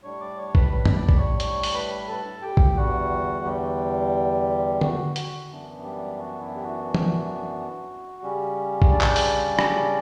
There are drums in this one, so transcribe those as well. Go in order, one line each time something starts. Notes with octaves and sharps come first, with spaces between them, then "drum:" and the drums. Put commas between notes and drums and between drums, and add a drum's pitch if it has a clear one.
A2 G3 D4 C#5 C#6
D5 D6
C#5 C#6
B4 B5, drum: kick
B4 B5
drum: tom F#2
D5 D6
B5, drum: kick
C#5 C#6
C#5 C#6, drum: hi-hat
drum: open hi-hat
B4 B5
A4 A5
G4 G5
drum: kick
E2 D3 G3 F#4 F#5
G3 G4
F#4, drum: tom D3
F#4, drum: hi-hat
F#2 E3 B3 D4
G3 G4
F#4
E4
G4
F#4
drum: tom E3
C#3 G3 C#4 G4
drum: kick
D4 D5
drum: clap
drum: open hi-hat
D4 D5, drum: rim click